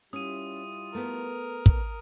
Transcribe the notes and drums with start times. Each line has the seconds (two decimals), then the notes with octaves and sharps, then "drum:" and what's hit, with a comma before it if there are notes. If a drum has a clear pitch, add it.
0.13 G3 C#4 E4 F4 D#6 D#7
0.95 A3 B3 A#4
1.66 drum: kick